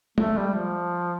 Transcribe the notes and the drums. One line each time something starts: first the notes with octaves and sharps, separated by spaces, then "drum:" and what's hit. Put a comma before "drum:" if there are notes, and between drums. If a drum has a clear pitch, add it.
A3, drum: tom G#3
G3
F3